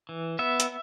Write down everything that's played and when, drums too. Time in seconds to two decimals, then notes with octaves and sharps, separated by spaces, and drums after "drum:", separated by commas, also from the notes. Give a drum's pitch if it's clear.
0.09 E3
0.39 B3 E5
0.60 drum: hi-hat